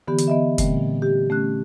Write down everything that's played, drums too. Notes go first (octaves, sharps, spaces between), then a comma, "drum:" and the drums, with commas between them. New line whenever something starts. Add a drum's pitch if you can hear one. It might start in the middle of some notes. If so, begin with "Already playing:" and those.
D3 E3 B3 G4
drum: hi-hat
B3 D#5 E5
A#2 D3 G3 A3 C4, drum: kick, hi-hat
G4
A3 C#4 F#6